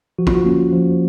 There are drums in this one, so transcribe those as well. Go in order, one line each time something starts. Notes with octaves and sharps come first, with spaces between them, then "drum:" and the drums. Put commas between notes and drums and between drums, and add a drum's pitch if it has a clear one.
F3 F#4
F4, drum: kick
F#4
A#3 C#4
F3